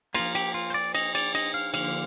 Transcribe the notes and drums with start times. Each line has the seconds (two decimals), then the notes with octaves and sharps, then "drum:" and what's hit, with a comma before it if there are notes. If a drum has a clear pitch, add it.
0.15 F3 A#3 F4, drum: cymbal
0.35 G4, drum: cymbal
0.54 F4
0.70 C5
0.74 D5
0.95 D#5, drum: cymbal
1.15 D5, drum: cymbal
1.35 D#5, drum: cymbal
1.54 F5
1.74 D3 F3 A#3 F5, drum: cymbal